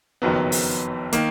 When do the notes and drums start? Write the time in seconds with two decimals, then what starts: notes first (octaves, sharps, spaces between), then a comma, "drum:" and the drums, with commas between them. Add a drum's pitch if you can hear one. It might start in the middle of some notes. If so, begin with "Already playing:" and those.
0.22 F#1 F2 D#3 F#3 B3
0.52 drum: open hi-hat
1.13 D#3 A#3, drum: hi-hat